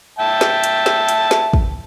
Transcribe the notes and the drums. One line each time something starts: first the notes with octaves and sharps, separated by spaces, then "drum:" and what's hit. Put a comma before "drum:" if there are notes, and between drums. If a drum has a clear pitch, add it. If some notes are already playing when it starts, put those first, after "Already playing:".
E5 G5 A5
drum: snare
drum: hi-hat
drum: snare
drum: hi-hat
drum: snare
drum: kick